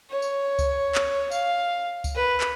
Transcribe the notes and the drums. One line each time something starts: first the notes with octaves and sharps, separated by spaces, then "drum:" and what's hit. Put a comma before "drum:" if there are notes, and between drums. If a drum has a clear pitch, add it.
C#5
drum: tambourine
drum: kick C#2, tambourine
drum: clap
F5, drum: tambourine
drum: kick C#2, tambourine
B4
drum: clap